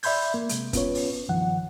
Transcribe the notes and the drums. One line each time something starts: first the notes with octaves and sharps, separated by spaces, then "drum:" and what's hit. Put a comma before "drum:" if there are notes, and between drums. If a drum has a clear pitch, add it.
D5 E5 B5 C6 G6 G#6, drum: open hi-hat
A#3
C3 G#3, drum: hi-hat
B3 C#4 F4 B4 C#5, drum: kick, hi-hat
drum: open hi-hat
C2 G2 D#3 F3 F#5